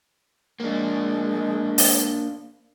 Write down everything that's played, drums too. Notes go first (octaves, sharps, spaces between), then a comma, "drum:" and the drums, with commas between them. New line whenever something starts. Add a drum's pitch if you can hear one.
G#3 A#3 D4
drum: open hi-hat